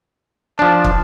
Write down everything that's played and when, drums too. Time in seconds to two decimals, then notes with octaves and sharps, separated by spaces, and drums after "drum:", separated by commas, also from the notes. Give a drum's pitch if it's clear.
0.59 F3 D4 A5
0.84 drum: kick